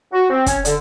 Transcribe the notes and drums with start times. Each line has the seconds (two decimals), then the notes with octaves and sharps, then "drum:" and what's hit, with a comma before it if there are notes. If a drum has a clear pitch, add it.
0.13 F#4
0.30 C4
0.46 C#4, drum: kick, hi-hat
0.65 D3, drum: hi-hat